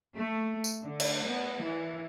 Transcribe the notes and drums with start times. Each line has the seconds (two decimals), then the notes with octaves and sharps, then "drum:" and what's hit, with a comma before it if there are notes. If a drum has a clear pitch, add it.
0.14 A3
0.64 drum: tambourine
0.81 D3
1.00 drum: cymbal
1.25 B3
1.63 E3